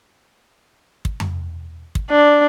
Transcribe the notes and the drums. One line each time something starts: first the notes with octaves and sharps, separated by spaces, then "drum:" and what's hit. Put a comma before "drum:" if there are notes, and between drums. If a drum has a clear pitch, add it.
drum: kick
drum: tom F2
drum: kick
D4